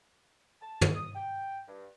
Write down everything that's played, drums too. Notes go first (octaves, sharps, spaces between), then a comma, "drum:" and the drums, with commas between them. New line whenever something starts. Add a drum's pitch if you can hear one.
A5
drum: tom
D#6
G5
G2